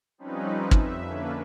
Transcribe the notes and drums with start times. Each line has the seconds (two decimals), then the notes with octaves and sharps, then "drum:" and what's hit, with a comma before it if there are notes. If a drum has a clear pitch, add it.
0.18 F3 G3 C4 C#4 D#4 B4
0.71 F2 E5, drum: kick
1.05 D3 A#3 C#4 D4 B4